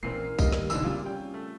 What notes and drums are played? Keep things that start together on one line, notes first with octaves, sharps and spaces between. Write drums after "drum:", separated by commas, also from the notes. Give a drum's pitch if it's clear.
A#1 A#2 E3 C4 C#4 A#4 C7
D#3 G3 A3 A#3 D#5, drum: kick B1, tambourine
drum: snare
A1 D3 E3 F3 A3 D4 D#4 E6, drum: tambourine
A#2 C#3 G3 C4 F4 G4
C#4 G5
A3